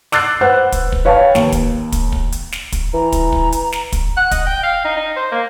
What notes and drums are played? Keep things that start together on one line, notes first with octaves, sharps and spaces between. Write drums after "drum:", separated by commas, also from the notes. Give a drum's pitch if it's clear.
D6 E6 F#6 A6 C7, drum: snare
B4 C5 F#5 F#6
drum: kick, hi-hat
drum: kick
B4 C#5 F5 G5 A5
D#2, drum: snare
drum: kick, hi-hat
drum: kick, hi-hat
drum: kick
drum: hi-hat
drum: snare
drum: kick, hi-hat
E3 A#5
drum: kick, hi-hat
drum: kick
drum: hi-hat
drum: snare
drum: kick, hi-hat
F#5
D#5, drum: kick, hi-hat
G5
F5
D#4
D#4
C5
A#3